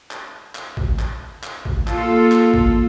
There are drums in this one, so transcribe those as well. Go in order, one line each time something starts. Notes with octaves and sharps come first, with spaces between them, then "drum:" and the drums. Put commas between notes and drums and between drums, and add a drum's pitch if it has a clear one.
drum: clap
drum: clap
drum: kick A1
drum: clap
drum: clap
drum: kick A1
A#3 F4 A4, drum: clap
drum: clap
drum: kick A1